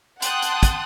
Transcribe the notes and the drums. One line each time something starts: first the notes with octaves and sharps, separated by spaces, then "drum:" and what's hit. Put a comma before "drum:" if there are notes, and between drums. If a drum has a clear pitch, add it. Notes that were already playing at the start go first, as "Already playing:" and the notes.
F#5 G5 A5 C6 D#6 F#6, drum: hi-hat
drum: hi-hat
drum: kick, hi-hat